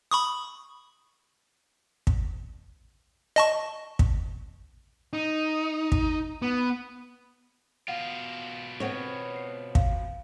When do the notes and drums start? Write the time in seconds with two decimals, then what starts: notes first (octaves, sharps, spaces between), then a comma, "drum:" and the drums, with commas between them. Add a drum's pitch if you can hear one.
0.11 B5 C#6 D#6
2.07 drum: kick
3.36 D#5 A5 C#6
3.99 drum: kick
5.13 D#4
5.92 drum: kick
6.42 B3
7.88 B2 F4 F5 F#5
8.80 B3 C4 C#5 C#6
9.36 C7
9.75 F5, drum: kick